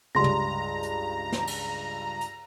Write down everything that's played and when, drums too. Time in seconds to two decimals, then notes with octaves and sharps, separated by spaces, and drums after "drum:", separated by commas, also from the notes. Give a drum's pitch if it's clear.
0.15 C#2 G2 A#5 C6 A#6
0.24 drum: tom
0.83 drum: hi-hat
1.32 drum: snare
1.47 drum: cymbal
2.21 drum: hi-hat